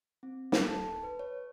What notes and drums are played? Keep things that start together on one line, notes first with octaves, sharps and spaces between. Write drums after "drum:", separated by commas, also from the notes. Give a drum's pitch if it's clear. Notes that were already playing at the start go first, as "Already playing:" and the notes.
C4
A4, drum: snare
A5
B4
C#5